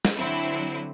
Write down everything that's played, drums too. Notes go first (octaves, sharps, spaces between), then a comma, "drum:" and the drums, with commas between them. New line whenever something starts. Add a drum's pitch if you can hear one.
drum: snare
D3 F#3 C4 E4